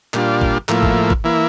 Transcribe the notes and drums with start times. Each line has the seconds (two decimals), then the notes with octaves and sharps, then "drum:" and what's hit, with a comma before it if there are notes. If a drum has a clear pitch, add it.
0.14 A#2 G3 D4 F4, drum: clap
0.41 drum: kick G#1
0.69 A2 F3 A#3 E4, drum: clap
0.83 drum: kick G#1
1.10 drum: kick G#1
1.24 E3 A#3 E4